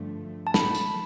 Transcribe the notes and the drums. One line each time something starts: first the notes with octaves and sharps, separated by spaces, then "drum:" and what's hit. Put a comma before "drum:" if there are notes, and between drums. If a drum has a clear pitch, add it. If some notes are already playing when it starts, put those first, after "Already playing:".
Already playing: G2 D3 F3 A3
A5
B5, drum: snare
drum: tambourine